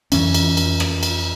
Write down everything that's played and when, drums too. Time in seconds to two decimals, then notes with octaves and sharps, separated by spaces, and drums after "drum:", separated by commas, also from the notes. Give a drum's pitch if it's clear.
0.12 F2 E3 C#4, drum: cymbal
0.34 drum: cymbal
0.57 drum: cymbal
0.80 drum: rim click
1.03 drum: cymbal